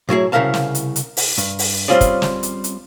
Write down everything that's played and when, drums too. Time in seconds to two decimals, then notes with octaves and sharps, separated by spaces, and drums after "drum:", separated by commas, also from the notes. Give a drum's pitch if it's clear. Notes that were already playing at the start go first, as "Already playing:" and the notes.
0.09 A2 F#3 E4 G#4
0.32 C2 C#3 E4 A#4 F5 A5
0.54 drum: snare
0.75 drum: hi-hat
0.96 drum: hi-hat
1.17 drum: open hi-hat
1.38 G2, drum: hi-hat
1.59 drum: open hi-hat
1.88 G3 C4 C#4 F4 G#4 D5
2.01 drum: kick, hi-hat
2.22 drum: snare
2.43 drum: hi-hat
2.64 drum: hi-hat